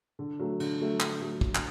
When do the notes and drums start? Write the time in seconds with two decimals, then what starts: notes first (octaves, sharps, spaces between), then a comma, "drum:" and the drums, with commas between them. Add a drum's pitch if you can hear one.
0.19 D3
0.39 F#3 A3
0.60 D3, drum: cymbal
0.80 F#3 A3
1.00 D3, drum: clap
1.21 F#3 A3
1.41 D3, drum: kick
1.55 drum: clap